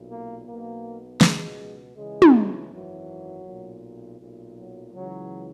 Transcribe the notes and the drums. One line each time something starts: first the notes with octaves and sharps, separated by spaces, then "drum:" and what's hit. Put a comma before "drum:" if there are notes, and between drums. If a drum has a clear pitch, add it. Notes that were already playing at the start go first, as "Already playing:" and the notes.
Already playing: B1 A#2
A#3
B1 B2 A#3
C#2 B2 G#3, drum: snare
C#2 C#3 E3 G#3
drum: tom
G#1 F#2 E3 F#3
B1 A#2
B1 A#2
F#3
C#2 C#3 E3 F#3